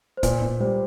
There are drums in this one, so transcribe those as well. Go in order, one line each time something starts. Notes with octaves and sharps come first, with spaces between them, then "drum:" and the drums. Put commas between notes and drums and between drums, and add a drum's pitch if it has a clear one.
C5
A#2 B4, drum: kick, hi-hat
A#2
G3 C5